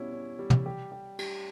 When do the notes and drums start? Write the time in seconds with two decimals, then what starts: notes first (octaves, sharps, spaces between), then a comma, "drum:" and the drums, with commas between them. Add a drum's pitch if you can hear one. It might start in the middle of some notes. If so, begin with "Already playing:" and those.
Already playing: B2 G3 C#4 E4
0.12 C#4
0.39 G3
0.50 drum: tom
0.66 G4
0.92 G4
1.19 G3, drum: cymbal